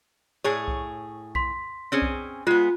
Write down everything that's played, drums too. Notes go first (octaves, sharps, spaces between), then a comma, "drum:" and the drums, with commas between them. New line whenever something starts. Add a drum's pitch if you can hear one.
A2 G#4 C#5
drum: kick B1
C6 B6, drum: kick B1
C4 C#4 G#4
drum: kick B1
G#3 B3 F4